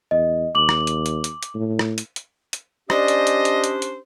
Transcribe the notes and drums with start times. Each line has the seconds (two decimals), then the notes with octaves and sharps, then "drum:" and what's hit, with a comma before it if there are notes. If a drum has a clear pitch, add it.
0.11 E2 D#5
0.55 D#2 D6 F#7
0.69 drum: rim click
0.87 drum: hi-hat
1.06 drum: hi-hat
1.24 drum: hi-hat
1.43 drum: hi-hat
1.55 A2
1.79 drum: rim click
1.98 drum: hi-hat
2.16 drum: hi-hat
2.53 drum: hi-hat
2.90 C#4 D4 G4 C5 D5 D#5, drum: rim click
3.08 drum: hi-hat
3.27 drum: hi-hat
3.45 drum: hi-hat
3.64 drum: hi-hat
3.82 drum: hi-hat